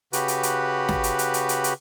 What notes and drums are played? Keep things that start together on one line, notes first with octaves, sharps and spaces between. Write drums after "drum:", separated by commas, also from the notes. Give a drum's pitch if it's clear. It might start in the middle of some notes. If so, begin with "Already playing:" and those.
C#3 F#4 G4 B4, drum: hi-hat
drum: hi-hat
drum: hi-hat
drum: snare
drum: hi-hat
drum: hi-hat
drum: hi-hat
drum: hi-hat
drum: hi-hat